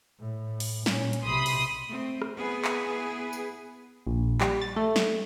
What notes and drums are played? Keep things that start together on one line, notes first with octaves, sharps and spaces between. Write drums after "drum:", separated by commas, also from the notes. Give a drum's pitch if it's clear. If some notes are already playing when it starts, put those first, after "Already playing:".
A2
drum: open hi-hat
A#2 C#4, drum: snare
drum: hi-hat
B1 C3 B5 C6 D#6
drum: open hi-hat
A3 C4
drum: rim click
B3 E4 G#4 B4
drum: clap
drum: tambourine
A#1
G3, drum: clap
A6
A3
drum: snare